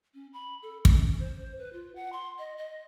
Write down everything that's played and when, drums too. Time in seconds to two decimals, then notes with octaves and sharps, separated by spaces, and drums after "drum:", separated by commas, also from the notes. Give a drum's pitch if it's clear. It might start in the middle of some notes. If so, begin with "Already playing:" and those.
0.14 C#4
0.33 B5
0.62 A4
0.85 C#4, drum: kick
1.20 C5
1.58 B4
1.73 F4
1.95 F#5
2.12 C6
2.39 D#5
2.58 D#5